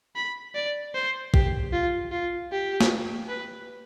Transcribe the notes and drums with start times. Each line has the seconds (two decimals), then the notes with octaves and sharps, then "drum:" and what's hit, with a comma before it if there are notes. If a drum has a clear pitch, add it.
0.16 B5
0.55 D5
0.95 C5
1.34 G4, drum: kick A1
1.73 F4
2.12 F4
2.52 G4
2.81 drum: snare
3.29 B4